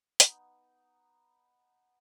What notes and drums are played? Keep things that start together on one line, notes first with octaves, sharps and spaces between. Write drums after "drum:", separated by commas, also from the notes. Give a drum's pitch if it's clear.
B3 D#4, drum: hi-hat